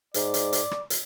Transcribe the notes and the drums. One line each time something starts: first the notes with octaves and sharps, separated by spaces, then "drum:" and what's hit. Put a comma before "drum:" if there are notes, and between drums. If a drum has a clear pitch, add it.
G#2 D5, drum: hi-hat
drum: hi-hat
drum: hi-hat
drum: rim click
drum: hi-hat